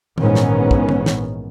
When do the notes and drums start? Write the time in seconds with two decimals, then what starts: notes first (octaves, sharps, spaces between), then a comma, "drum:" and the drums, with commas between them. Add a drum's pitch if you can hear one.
0.18 A#1 G#2 D#3 E3 B3 C#4, drum: tom
0.35 drum: snare
0.71 drum: kick
0.89 drum: tom
1.06 drum: snare